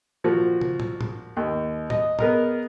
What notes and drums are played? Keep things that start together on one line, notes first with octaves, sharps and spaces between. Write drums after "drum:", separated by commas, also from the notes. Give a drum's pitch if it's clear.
A#2 F3 F#4
drum: tom
drum: tom
drum: tom
D#2
D#5, drum: tom
B3 G#4 A#4 D#5 A#5, drum: tom